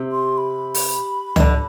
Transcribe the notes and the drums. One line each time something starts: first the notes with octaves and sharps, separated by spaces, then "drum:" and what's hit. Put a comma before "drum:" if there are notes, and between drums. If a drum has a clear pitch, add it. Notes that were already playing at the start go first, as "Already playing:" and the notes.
Already playing: C3
C6
B5
drum: open hi-hat
D#3, drum: tom C#2
D3